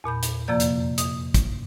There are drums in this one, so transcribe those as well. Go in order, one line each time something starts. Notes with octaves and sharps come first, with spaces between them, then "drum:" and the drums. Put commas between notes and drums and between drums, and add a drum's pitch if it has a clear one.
E2 A#2 B5 G6
drum: hi-hat
F2 C3 F3 A#3 D5 G6
drum: hi-hat
D#6, drum: hi-hat
drum: kick, hi-hat